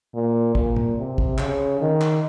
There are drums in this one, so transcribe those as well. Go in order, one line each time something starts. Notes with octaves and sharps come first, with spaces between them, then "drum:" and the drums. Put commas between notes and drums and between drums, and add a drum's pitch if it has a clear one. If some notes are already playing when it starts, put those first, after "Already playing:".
A#2
A#2, drum: kick
drum: tom
C3
drum: kick
C#3, drum: clap
D#3
drum: clap